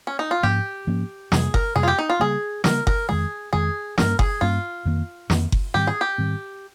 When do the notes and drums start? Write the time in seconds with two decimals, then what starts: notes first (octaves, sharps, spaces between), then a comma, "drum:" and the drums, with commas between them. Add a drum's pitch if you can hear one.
0.07 C#4
0.19 D#4
0.31 F4
0.43 G#2 F3 A#3 C#4 G4
0.87 G#2 F3 A#3 C#4
1.32 F2 C3 G3 A#3 G#4, drum: snare
1.54 A#4, drum: kick F#1
1.76 F2 C3 G3 A#3 G#4
1.83 F4
1.88 G4
1.99 D#4
2.10 F4
2.20 C#3 G3 A#3 G#4
2.64 C#3 G3 A#3 A#4, drum: snare
2.87 A#4, drum: kick F#1
3.09 F2 D#3 G#3 G#4
3.53 F2 D#3 G#3 G#4
3.98 G2 G3 A#3 C#4 A#4, drum: snare
4.19 G#4, drum: kick F#1
4.41 G2 G3 A#3 C#4 F4
4.85 F2 D#3 A#3
5.30 F2 D#3 A#3, drum: snare
5.52 drum: kick F#1
5.74 G#2 D#3 G3 C4 G4
5.87 G#4
6.01 G4
6.18 G#2 D#3 G3 C4